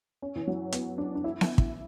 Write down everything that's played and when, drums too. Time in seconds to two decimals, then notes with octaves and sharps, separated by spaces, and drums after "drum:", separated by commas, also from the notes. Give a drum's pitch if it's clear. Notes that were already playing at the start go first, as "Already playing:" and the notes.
0.22 C#4
0.36 E3
0.47 F#3
0.72 B3, drum: hi-hat
0.98 D4
1.15 D4
1.24 E4
1.41 drum: snare B3
1.58 drum: kick